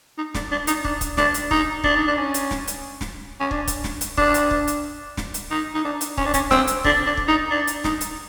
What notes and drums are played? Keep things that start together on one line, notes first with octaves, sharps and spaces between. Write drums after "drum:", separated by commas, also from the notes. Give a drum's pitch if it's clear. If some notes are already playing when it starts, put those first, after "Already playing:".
D#4
D4, drum: snare
D4
D#4, drum: hi-hat
D4, drum: kick
drum: kick, hi-hat
D4, drum: snare
drum: hi-hat
D#4, drum: kick
D4, drum: kick
D#4
D4
C#4
drum: hi-hat
drum: snare
drum: hi-hat
drum: snare
C#4
D4, drum: kick
drum: kick, hi-hat
drum: snare
drum: hi-hat
D4, drum: kick
drum: hi-hat
drum: kick
drum: hi-hat
drum: snare
drum: hi-hat
D#4
D#4
D4
drum: hi-hat
C#4, drum: kick
D4
C#4, drum: kick, hi-hat
C4, drum: snare
drum: hi-hat
D4, drum: kick
D4
drum: kick
D#4
D4
drum: hi-hat
D#4, drum: snare
drum: hi-hat